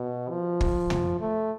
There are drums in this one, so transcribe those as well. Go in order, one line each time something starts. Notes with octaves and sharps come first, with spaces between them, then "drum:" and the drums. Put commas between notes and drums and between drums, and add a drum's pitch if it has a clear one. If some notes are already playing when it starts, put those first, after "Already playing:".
Already playing: B2
F3
drum: kick
drum: tom
A3